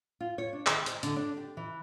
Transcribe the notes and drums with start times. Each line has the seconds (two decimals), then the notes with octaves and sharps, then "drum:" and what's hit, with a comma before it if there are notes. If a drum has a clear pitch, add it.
0.20 F4
0.38 C#5
0.53 D4
0.66 D#3, drum: clap
0.86 C5, drum: hi-hat
1.03 D3, drum: hi-hat
1.16 D4
1.37 G4
1.57 E3